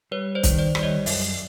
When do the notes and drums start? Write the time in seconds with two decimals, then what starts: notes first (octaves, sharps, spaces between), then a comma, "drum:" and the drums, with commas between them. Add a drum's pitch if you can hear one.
0.11 G3 B4 C#5
0.35 C5 D5
0.43 D#3, drum: kick, hi-hat
0.59 C5 D5
0.75 G3 D5, drum: rim click
0.83 C#5 D#5
1.06 F#2 D5 E5, drum: open hi-hat